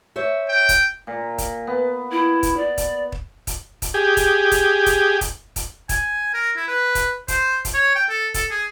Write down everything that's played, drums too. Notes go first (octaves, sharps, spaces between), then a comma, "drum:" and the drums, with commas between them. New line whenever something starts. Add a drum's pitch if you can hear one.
C5 C#5 E5
G5
drum: kick, hi-hat
A#2
drum: kick, hi-hat
B3
E4
drum: kick, hi-hat
D5
drum: kick, hi-hat
drum: kick
drum: kick, hi-hat
drum: kick, hi-hat
G4 G#4
drum: kick, hi-hat
drum: kick, hi-hat
drum: kick, hi-hat
drum: kick, hi-hat
drum: kick, hi-hat
G#5, drum: kick, hi-hat
A#4
E4
B4
drum: kick, hi-hat
C5, drum: kick, hi-hat
drum: kick, hi-hat
C#5
G5
A4
A4, drum: kick, hi-hat
G#4